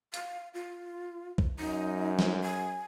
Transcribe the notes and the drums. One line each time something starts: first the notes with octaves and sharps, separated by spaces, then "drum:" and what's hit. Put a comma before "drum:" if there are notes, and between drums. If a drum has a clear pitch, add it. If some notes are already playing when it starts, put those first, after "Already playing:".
F5, drum: hi-hat
F4
drum: kick
F#2 D#4
drum: snare
G#5